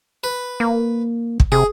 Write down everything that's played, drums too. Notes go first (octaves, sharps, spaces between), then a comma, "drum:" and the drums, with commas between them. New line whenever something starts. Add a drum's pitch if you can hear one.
B4
A#3
drum: kick
C3 G#4